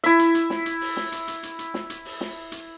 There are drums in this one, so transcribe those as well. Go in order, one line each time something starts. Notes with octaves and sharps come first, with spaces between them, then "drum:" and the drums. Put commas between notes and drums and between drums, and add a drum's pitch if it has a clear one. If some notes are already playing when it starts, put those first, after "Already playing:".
E4 E5, drum: hi-hat
drum: hi-hat
drum: hi-hat
drum: snare
drum: hi-hat
drum: open hi-hat
drum: snare
drum: hi-hat
drum: hi-hat
drum: hi-hat
drum: hi-hat
drum: snare
drum: hi-hat
drum: open hi-hat
drum: snare
drum: hi-hat